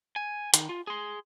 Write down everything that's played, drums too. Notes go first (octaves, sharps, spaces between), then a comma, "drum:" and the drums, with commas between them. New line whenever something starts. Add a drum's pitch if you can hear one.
G#5
D#3, drum: hi-hat
F4
G#4 C6